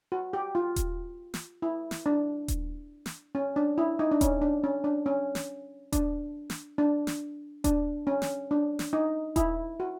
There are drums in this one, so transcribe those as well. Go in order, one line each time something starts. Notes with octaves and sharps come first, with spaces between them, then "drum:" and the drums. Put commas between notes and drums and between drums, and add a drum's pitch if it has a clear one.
F#4
G4
F4
drum: kick D#1, hi-hat
drum: snare
E4
drum: snare
D4
drum: kick D#1, hi-hat
drum: snare
C#4
D4
E4
D#4
D4
C#4, drum: kick D#1, hi-hat
D4
C#4
D4
C#4
drum: snare
D4, drum: kick D#1, hi-hat
drum: snare
D4
drum: snare
D4, drum: kick D#1, hi-hat
C#4
drum: snare
D4
drum: snare
D#4
E4, drum: kick D#1, hi-hat
F#4